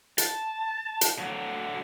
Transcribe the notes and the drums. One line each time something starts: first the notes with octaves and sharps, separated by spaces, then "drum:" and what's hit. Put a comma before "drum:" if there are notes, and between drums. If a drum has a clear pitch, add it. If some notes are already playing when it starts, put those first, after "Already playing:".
A5, drum: hi-hat
drum: hi-hat
D3 F#3